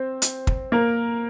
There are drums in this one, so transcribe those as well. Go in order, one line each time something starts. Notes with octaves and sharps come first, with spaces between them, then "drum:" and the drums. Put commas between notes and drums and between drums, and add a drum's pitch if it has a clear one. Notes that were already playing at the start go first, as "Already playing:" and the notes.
Already playing: C4 C5
drum: hi-hat
drum: kick
A#3 A#4